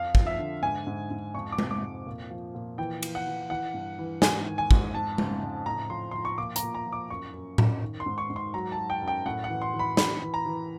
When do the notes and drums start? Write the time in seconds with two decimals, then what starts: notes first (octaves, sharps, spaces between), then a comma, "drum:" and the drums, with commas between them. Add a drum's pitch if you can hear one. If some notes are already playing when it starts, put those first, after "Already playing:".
Already playing: F2 F5
0.15 F3, drum: kick
0.27 E5
0.39 D3
0.63 G#2 G#5
0.87 G#2
1.11 G#2
1.35 F2 C#6
1.52 D6
1.59 C3, drum: tom G#3
1.71 D6
1.83 F2
2.06 A#2
2.30 F3
2.55 A#2
2.78 E3 G5
3.03 E3, drum: cymbal
3.15 F#5
3.27 E3
3.50 E3 F#5
3.74 G2
3.99 E3
4.22 G#2 G#5, drum: snare
4.46 D#3
4.58 G#5
4.71 G#2, drum: kick
4.94 F2 A5
5.18 C#3, drum: tom G#3
5.43 F2
5.66 A2 A#5
5.90 F3 C6
6.11 F3 C6
6.25 C#6
6.38 A#2 D6
6.56 A#5, drum: hi-hat
6.63 A#2
6.74 A#5
6.86 F3
6.92 D6
7.10 F#2 C#6
7.34 F#2
7.58 F#2, drum: tom A2
7.82 D#3
8.00 C6
8.06 G#2
8.18 C#6
8.30 G#2
8.36 C6
8.54 F#3 A#5
8.72 A5
8.78 F#3
8.90 G5
9.02 F#2
9.08 G5
9.26 A2 F#5
9.44 F#5
9.50 E3
9.62 C6
9.74 E3
9.79 B5
9.97 E3 B5, drum: snare
10.22 E3
10.34 A#5
10.46 E3